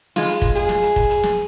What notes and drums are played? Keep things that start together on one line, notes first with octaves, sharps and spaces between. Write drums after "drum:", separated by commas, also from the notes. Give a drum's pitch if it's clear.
G#3 F4, drum: snare
drum: hi-hat
drum: kick, hi-hat
G#4, drum: hi-hat
drum: snare
drum: hi-hat
drum: kick, hi-hat
drum: hi-hat
drum: snare